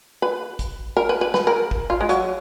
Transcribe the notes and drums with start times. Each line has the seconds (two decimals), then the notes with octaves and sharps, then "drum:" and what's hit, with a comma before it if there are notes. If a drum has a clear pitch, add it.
0.22 B4
0.59 drum: kick, hi-hat
0.97 A#4
1.09 B4
1.21 B4
1.34 B4, drum: snare
1.47 A#4
1.71 drum: kick
1.90 F4
2.01 G#3
2.09 F#3, drum: hi-hat